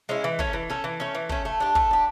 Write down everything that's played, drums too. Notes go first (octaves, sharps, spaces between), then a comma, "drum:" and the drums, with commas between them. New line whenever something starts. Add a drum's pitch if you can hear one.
G#3 C#4 E4
E3
A3 C#4, drum: kick
E3
A3 C#4
E3
A3 C#4
E3
A3 C#4, drum: kick
A3
D4 G4
A3, drum: kick
D4 G4